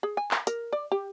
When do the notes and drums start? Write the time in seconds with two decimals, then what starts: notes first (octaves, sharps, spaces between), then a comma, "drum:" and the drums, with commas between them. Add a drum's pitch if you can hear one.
0.03 G#4
0.17 G#5
0.31 drum: clap
0.47 A#4, drum: hi-hat
0.73 D5
0.92 G4